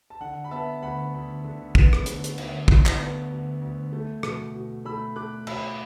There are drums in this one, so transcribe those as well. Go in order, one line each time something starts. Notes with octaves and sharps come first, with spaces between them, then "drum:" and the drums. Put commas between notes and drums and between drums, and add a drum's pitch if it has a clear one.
A5
D3 F#5
B5
B3 E5 A5
D2 F#5 B5
D2
D3
B3, drum: kick
drum: rim click
D2, drum: hi-hat
drum: hi-hat
D2, drum: cymbal
D3, drum: kick
drum: clap
B3
D2
D2
A3
B2, drum: rim click
B2
A3 B5 E6
A3 D6 F#6
B2 B5 E6, drum: cymbal